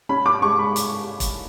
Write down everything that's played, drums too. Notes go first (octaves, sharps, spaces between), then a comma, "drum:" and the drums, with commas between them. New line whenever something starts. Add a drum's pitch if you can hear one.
C#4 B5
D6
G#3 C#6
B5
drum: hi-hat
drum: kick E1, hi-hat